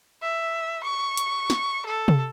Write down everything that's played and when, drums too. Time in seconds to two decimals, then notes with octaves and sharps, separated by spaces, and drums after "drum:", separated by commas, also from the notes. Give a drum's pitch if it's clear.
0.22 E5
0.84 C#6
1.17 drum: hi-hat
1.50 drum: snare
1.86 A4
2.08 drum: tom C3